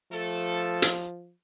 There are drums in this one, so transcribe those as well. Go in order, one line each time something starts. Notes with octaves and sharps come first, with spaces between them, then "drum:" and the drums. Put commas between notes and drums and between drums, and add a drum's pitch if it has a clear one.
F3 A3 A4
drum: hi-hat